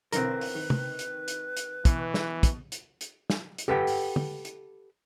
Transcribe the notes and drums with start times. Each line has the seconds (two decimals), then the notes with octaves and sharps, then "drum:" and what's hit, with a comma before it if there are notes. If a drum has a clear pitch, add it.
0.12 B1 D3 E3 C4 A#4 B4, drum: hi-hat
0.41 drum: open hi-hat
0.55 D#3
0.70 drum: tom
0.99 drum: hi-hat
1.28 drum: hi-hat
1.57 drum: hi-hat
1.85 B2 E3, drum: kick, hi-hat
2.14 drum: snare
2.43 drum: kick, hi-hat
2.72 drum: hi-hat
3.01 drum: hi-hat
3.30 drum: snare
3.58 drum: hi-hat
3.68 G4 A4 B4 F#5 G5
3.87 drum: open hi-hat
4.16 drum: tom
4.45 drum: hi-hat